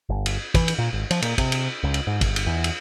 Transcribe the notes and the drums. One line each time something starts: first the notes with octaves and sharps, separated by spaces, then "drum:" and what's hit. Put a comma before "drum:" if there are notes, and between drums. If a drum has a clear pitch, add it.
G1
drum: cymbal
E3, drum: kick, cymbal
drum: cymbal
A#2
G#1
F3, drum: cymbal
A#2, drum: cymbal
C3, drum: kick, cymbal
drum: cymbal
C#2
drum: cymbal
G#2
G1, drum: kick, cymbal
drum: cymbal
E2
drum: cymbal